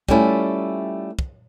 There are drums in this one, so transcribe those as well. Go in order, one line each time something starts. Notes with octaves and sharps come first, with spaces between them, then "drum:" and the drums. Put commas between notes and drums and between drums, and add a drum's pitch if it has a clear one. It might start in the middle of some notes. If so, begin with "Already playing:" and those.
G3 A3 C#4 E4 F4, drum: kick
drum: kick